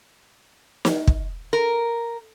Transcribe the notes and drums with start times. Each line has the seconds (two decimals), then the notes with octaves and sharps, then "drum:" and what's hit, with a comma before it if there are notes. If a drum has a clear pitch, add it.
0.85 drum: snare
1.07 drum: kick
1.53 A#4